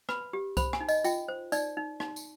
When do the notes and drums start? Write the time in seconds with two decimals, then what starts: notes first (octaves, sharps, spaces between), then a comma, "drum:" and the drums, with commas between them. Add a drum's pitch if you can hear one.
0.09 B4 B5, drum: rim click
0.33 G4
0.57 C5 B5, drum: kick C2, tambourine
0.73 G#5, drum: rim click
0.80 D#4
0.88 D#5, drum: tambourine
1.04 F4 G5, drum: tambourine
1.28 C5
1.52 D#4 D5, drum: tambourine
1.77 D#4
2.00 D#4, drum: rim click
2.16 drum: tambourine